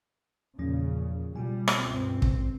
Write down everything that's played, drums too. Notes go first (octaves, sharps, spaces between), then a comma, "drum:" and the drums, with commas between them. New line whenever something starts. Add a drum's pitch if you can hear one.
E2 A#2 C#3 F3 C#4
B2 G3 F4 G#5
drum: rim click
C#2 G2 C4
drum: kick